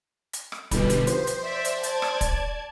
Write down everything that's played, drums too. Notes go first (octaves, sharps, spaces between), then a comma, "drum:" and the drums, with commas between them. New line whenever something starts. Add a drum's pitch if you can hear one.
drum: hi-hat
drum: rim click
B1 B2 D3 E3 G3 B4 B5, drum: kick, hi-hat
drum: hi-hat
F3 G4 C5, drum: hi-hat
drum: hi-hat
D5 E5
drum: hi-hat
D5 A5 G#6, drum: hi-hat
drum: rim click
drum: kick, hi-hat